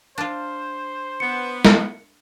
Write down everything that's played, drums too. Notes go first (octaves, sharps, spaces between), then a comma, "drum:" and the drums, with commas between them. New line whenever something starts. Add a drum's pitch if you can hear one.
D4 F4 C5
B3 C#7
drum: snare